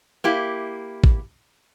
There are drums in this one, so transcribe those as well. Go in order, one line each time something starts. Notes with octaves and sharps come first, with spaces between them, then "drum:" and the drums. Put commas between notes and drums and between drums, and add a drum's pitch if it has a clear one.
A#3 E4 G4
drum: kick